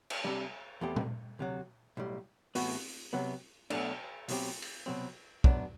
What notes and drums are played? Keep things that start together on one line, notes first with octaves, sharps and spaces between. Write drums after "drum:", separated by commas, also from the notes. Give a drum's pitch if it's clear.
drum: cymbal
C2 C3 G3 D4
E2 B2 A3 C4 G4
drum: tom A#2
D2 C3 F#3
B1 A2 G3
A2 E3 B3 F#4, drum: open hi-hat
C2 C3 F#3 B3
B1 B2 F#3 A3 D4, drum: cymbal
B1 B2 F#3 C4 G4, drum: open hi-hat
drum: cymbal
C2 B2 F#3 C4
F#2 F#3 B3 D4, drum: kick